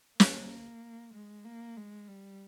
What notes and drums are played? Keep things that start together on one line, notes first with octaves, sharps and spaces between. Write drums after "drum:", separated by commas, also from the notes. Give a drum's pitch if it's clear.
A#3, drum: snare
G#3
A#3
G#3
G3